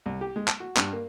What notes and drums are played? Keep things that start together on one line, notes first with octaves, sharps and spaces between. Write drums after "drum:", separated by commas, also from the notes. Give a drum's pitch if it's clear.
C2
G4
G#3
A5, drum: clap
F#4
G2, drum: clap
A#3